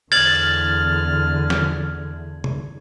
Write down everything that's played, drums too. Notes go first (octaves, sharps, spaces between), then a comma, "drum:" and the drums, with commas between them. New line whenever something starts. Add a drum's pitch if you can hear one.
E2 D3 F6 G#6 A6 F#7, drum: cymbal
drum: snare
drum: tom